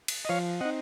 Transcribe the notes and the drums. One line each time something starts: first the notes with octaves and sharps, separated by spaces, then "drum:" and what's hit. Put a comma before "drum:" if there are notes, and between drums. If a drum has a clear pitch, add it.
drum: cymbal
D#5
F3 C#5 F5
C4 D#4 D#5 F#5